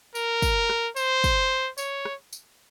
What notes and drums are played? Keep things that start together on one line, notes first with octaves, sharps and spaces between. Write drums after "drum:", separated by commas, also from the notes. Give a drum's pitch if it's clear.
A#4, drum: tambourine
drum: kick, tambourine
drum: rim click
C5, drum: tambourine
drum: kick, tambourine
C#5, drum: tambourine
drum: rim click
drum: tambourine